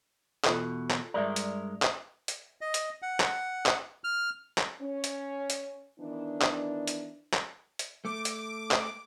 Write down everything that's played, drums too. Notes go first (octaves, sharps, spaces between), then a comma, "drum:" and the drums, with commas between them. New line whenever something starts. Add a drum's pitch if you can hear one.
E2 B2 F4 A4, drum: clap
drum: clap
G2 G#3 A#4 D5 E5
drum: hi-hat
drum: clap
drum: hi-hat
D#5
drum: hi-hat
F#5
drum: clap
drum: clap
F6
drum: clap
C#4
drum: hi-hat
drum: hi-hat
D#3 E3 B3 D4
drum: clap
drum: hi-hat
drum: clap
drum: hi-hat
A3 D6
drum: hi-hat
drum: clap